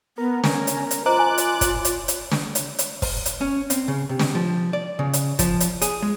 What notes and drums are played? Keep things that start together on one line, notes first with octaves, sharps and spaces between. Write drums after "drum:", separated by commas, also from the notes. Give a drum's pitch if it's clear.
B3 A#4
C#4, drum: snare
drum: hi-hat
drum: hi-hat
F4 C5 D#5 A#5 D6 F#6
G#5
drum: hi-hat
drum: kick, hi-hat
drum: hi-hat
drum: hi-hat
drum: snare
drum: hi-hat
drum: hi-hat
drum: kick, open hi-hat
drum: hi-hat
C#4
C4, drum: hi-hat
C#3
C3
drum: snare
F3
D5
C#3
drum: hi-hat
F3, drum: kick, hi-hat
drum: hi-hat
G#4, drum: hi-hat
G#3